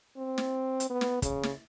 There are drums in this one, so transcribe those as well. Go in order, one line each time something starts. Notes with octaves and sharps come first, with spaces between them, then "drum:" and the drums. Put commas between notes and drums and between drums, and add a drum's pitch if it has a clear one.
C4
drum: snare
drum: hi-hat
B3
drum: snare
C#3, drum: kick, hi-hat
drum: snare